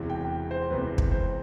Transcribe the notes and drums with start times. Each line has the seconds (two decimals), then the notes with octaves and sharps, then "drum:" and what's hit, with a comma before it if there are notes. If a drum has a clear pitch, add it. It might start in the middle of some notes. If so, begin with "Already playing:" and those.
Already playing: E1 E2 C3 E3
0.10 G5
0.51 C5
0.70 E1 E2 C3 E3 B4
0.98 drum: kick
1.12 C5